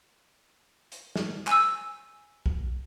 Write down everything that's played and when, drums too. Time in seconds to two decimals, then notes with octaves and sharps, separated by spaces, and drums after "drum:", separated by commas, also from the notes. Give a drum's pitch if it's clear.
0.92 drum: hi-hat
1.16 drum: snare
1.47 G#5 E6, drum: clap
2.46 drum: kick B1